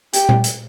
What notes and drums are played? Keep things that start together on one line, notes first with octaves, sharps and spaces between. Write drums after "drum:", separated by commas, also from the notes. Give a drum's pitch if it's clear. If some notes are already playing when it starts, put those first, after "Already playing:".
G4, drum: hi-hat
drum: tom A#2
drum: hi-hat